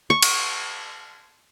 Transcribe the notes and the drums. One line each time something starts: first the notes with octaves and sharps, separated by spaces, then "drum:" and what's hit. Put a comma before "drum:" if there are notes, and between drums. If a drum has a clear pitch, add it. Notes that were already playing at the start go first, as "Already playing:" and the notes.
C#6
drum: cymbal